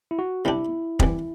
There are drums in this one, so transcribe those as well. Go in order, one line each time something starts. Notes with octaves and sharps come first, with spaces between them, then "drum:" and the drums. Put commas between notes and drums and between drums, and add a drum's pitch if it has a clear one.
E4
F#4
C3 G3 D4 E4 G4
E3 G3 C4, drum: kick